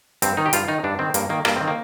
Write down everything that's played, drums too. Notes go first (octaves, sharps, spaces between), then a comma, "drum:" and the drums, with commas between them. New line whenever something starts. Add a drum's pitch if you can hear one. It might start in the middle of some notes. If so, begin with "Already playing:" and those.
G2 C4, drum: hi-hat
D#3 D#4
G4
G2 F4, drum: hi-hat
D#3 D#4
G2 D4
D#3 C4
G2 A#3, drum: hi-hat
D#3 A#3
G2 A#3, drum: rim click
D#3 C4
A#3